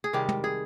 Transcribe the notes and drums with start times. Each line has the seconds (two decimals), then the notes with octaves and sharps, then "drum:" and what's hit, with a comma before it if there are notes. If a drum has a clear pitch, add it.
0.04 G#4
0.13 C3 D#3 G3 G4
0.29 drum: tom
0.44 G#4